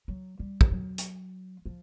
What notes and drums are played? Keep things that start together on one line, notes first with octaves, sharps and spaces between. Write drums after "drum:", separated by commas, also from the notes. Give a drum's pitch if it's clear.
F#3
G3
drum: kick
F#3
drum: hi-hat
F3